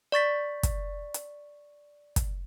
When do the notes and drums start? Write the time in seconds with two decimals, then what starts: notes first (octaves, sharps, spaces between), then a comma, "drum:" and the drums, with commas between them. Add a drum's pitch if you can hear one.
0.12 D5 C#6 A6 B6
0.63 drum: kick, hi-hat
1.14 drum: hi-hat
2.16 drum: kick, hi-hat